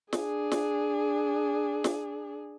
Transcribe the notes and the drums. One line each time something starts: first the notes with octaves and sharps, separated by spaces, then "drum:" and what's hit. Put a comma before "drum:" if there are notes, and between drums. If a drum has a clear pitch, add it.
D4 G#4, drum: snare
drum: snare
drum: snare